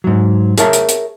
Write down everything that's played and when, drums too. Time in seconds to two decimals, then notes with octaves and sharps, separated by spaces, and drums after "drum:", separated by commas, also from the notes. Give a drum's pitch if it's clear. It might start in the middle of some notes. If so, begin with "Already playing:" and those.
0.04 G#2 F#3
0.58 G#4 A#4 C#5 E5 A5 A#5, drum: hi-hat
0.73 drum: hi-hat
0.89 drum: hi-hat